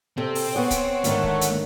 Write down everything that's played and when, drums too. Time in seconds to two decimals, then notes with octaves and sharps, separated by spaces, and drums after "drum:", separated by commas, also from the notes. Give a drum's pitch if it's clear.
0.18 C3 C4 A4
0.35 drum: open hi-hat
0.56 B3 G#4 C#5 F#5
0.71 drum: kick C#1, hi-hat
1.04 D2 G#2 D#3 A3, drum: hi-hat
1.24 drum: kick C#1
1.41 drum: hi-hat